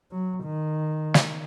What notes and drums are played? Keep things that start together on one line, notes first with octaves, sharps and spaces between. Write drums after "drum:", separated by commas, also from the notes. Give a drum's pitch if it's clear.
F#3
D#3
drum: snare